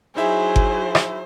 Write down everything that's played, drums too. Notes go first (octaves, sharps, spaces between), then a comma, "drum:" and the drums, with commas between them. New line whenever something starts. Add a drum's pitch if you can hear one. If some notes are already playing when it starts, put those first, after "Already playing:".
F#3 D#4 E4 G#4 C5 E5
drum: kick G1
drum: rim click